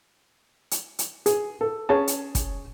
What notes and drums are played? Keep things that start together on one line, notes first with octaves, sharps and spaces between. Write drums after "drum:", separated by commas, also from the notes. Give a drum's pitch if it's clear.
drum: hi-hat
drum: hi-hat
G#4, drum: hi-hat
A4
C#4 G#4 C#5 A5
drum: hi-hat
drum: kick, hi-hat